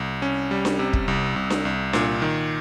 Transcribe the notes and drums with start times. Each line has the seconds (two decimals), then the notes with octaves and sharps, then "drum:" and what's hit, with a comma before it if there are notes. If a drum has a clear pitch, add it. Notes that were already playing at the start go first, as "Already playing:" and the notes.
Already playing: C2
0.22 C#4
0.51 G3
0.65 drum: snare D4
0.79 C3
0.93 drum: kick
1.08 C2
1.36 C2
1.50 drum: snare D4
1.65 C2
1.93 A#2, drum: snare D4
2.22 D#3